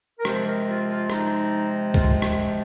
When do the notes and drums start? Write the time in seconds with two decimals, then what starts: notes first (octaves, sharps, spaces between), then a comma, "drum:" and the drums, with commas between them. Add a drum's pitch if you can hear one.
0.18 A#4
0.25 C3 F3 G#3 C4 C5, drum: rim click
0.47 A#4
0.68 F4
0.89 F4
1.10 D#4, drum: rim click
1.94 F4, drum: kick
2.22 drum: rim click